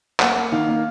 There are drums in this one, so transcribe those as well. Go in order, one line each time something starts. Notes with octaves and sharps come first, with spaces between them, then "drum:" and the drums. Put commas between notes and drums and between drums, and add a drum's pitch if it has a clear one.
A#3 F#5, drum: clap
A#3
D#3 F5
A#3